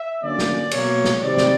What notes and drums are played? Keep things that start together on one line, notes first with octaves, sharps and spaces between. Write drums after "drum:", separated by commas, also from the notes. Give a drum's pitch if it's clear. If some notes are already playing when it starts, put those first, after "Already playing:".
Already playing: E5
D3 F#3 A#3 C#4 D5
drum: snare
B2 F#3 A#3 C#5, drum: cymbal
drum: snare
C3 D#3 G3 C4 D5
drum: snare